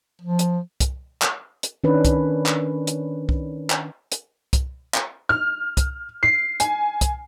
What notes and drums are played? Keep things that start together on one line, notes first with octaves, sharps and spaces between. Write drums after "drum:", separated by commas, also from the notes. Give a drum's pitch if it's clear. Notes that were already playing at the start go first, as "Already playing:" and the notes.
F3
drum: hi-hat
drum: kick, hi-hat
drum: clap
drum: hi-hat
D#3 C#4 D4 B4
drum: kick, hi-hat
drum: clap
drum: hi-hat
drum: kick
drum: clap
drum: hi-hat
drum: kick, hi-hat
drum: clap
F6
drum: kick, hi-hat
C7
G#5, drum: hi-hat
drum: kick, hi-hat